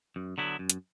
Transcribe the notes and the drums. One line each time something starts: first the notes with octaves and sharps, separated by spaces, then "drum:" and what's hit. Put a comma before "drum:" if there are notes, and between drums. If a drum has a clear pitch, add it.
F#2
D3 F#3 B3 E4
F#2
drum: hi-hat